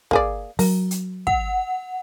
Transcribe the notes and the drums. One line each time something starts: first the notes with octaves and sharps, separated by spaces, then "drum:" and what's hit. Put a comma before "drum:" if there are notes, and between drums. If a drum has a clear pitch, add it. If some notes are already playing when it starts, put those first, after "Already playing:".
A#3 G#4 D5, drum: kick
F#3 A#4, drum: open hi-hat
drum: hi-hat
F#5, drum: kick